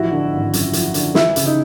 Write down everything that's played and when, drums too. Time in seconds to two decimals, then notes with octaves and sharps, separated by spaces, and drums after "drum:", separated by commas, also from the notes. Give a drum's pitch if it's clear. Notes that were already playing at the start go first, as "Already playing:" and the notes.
Already playing: A1 E3 F3 E4 F#4
0.11 D3
0.32 G#1
0.53 F#2, drum: hi-hat
0.73 F3, drum: hi-hat
0.94 D3, drum: hi-hat
1.15 E3 E4, drum: snare
1.36 C#3, drum: hi-hat
1.46 D#4